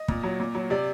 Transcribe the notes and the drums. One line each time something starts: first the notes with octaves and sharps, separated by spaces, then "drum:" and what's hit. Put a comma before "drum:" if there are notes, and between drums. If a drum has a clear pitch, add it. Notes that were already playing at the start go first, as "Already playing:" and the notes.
Already playing: D#5
A#2, drum: kick
F#3
A#2
F#3
C3 D5